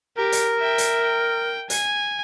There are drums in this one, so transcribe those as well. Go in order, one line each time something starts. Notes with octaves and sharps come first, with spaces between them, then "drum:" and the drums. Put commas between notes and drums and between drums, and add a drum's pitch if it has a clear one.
G4 A#4
drum: hi-hat
E5 G5
drum: hi-hat
G5
G#5, drum: hi-hat